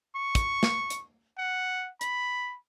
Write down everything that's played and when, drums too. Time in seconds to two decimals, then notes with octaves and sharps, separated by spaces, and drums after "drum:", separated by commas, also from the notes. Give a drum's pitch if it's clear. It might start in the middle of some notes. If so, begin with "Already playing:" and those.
0.15 C#6
0.35 drum: kick, hi-hat
0.63 drum: snare
0.90 drum: hi-hat
1.38 F#5
2.01 B5, drum: hi-hat